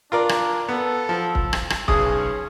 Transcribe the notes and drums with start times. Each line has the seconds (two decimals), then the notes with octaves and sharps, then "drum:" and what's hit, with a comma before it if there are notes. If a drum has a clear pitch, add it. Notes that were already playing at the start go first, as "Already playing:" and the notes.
0.12 D4 F4 A#4 D5
0.29 drum: rim click
0.69 B3 A4
1.09 F3
1.35 drum: kick
1.53 drum: rim click
1.70 drum: rim click
1.88 B1 C#4 G#4 D#6, drum: kick